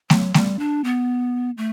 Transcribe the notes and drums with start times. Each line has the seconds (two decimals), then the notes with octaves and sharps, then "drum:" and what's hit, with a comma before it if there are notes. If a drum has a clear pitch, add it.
0.10 F#3, drum: snare A3
0.34 G3, drum: snare A3
0.59 D4
0.84 B3
1.58 A3